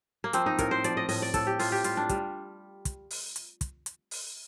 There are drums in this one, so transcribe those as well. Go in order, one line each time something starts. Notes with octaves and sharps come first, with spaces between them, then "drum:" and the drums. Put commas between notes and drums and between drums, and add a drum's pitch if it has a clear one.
A#3
F3 C4, drum: hi-hat
D#4
A2 A#4, drum: kick, hi-hat
C5
F3 D5, drum: hi-hat
D#5
A2 D#5, drum: open hi-hat
D5
A2 A4, drum: kick, hi-hat
G4
A2 F4, drum: open hi-hat
G4
G3 F4, drum: hi-hat
D4
G3, drum: kick, hi-hat
drum: kick, hi-hat
drum: open hi-hat
drum: hi-hat
drum: kick, hi-hat
drum: hi-hat
drum: open hi-hat